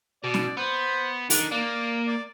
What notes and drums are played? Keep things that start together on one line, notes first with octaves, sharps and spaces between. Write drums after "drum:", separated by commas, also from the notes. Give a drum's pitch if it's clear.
B2 D5
drum: snare
B3 C5
D#3 D4, drum: open hi-hat
A#3 D5
D5